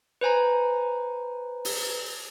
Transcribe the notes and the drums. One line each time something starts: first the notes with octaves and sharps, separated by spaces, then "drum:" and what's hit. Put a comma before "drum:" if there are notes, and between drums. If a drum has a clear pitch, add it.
B4 C5 G#5 A#5
drum: open hi-hat